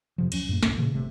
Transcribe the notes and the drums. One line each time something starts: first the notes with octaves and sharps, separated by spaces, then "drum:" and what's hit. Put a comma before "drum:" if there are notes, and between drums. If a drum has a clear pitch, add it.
F2 C3 F3
D1 F#3 C#4, drum: cymbal
F#2 A2 A#3
G1 C2 A2 C#4, drum: snare
A#2 C#3 E3 A#3
G1 C3 A3